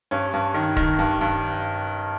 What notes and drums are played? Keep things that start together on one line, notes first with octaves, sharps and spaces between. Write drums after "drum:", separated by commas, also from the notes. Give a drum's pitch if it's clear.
G2 C#4
G2
D#3
D#3, drum: kick
G2
G2